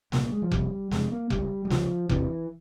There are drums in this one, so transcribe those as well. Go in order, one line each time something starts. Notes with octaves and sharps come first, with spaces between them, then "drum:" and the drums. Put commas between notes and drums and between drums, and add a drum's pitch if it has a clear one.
C2 A#2 A#3, drum: snare
A#3
G#3
F3
F2 C3 G3, drum: kick F1
F2 C3 G#3, drum: snare
A#3
C#2 C#3 G3, drum: kick F1
G3
C#2 C#3 F3, drum: snare
E2 C3 E3, drum: kick F1